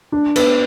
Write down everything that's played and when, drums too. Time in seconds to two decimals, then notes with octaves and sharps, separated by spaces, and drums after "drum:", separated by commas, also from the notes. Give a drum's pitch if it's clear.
0.12 D4
0.36 B3, drum: cymbal